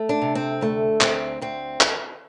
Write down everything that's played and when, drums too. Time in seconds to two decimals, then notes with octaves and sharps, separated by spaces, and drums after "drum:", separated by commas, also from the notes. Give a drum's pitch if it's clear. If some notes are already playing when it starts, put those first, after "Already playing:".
Already playing: A3
0.09 D4
0.22 C3
0.35 C4
0.61 D2 A3
1.01 D2 C4, drum: clap
1.41 D2 C4
1.81 drum: clap